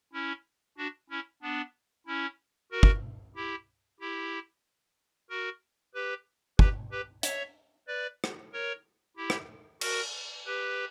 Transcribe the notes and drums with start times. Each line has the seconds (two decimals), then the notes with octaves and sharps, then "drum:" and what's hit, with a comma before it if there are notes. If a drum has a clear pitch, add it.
0.13 C#4 E4
0.77 D4 F#4
1.10 C#4 E4
1.42 B3 D4
2.07 C#4 E4
2.72 F#4 A#4
2.83 drum: kick
3.36 E4 G4
4.00 E4 G4
5.30 F#4 A#4
5.95 G4 B4
6.59 G4 B4, drum: kick
6.91 G4 B4
7.23 C#5 E5, drum: hi-hat
7.88 B4 D5
8.24 drum: rim click
8.53 A#4 C#5
9.17 E4 G4
9.30 drum: rim click
9.81 F#4 A#4, drum: cymbal
10.46 G4 B4